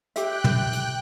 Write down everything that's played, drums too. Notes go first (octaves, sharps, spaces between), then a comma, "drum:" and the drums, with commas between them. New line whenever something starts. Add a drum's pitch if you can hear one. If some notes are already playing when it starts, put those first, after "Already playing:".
G4 E5 G5 F#6, drum: hi-hat
drum: tom
drum: hi-hat